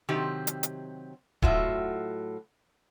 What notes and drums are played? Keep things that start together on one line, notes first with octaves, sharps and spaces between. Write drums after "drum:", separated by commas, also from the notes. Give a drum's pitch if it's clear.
C3 D#3 F#3 C4 G4
drum: hi-hat
drum: hi-hat
A2 F#3 F4 F#4 D#5 E5, drum: kick D1